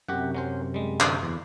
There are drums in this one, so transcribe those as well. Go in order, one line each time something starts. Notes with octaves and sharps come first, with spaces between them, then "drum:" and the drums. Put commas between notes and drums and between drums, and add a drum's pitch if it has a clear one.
F#2 C3 F#4 G4 F#5
F#3 C#4 C5
G3 G#3
D3, drum: clap
E2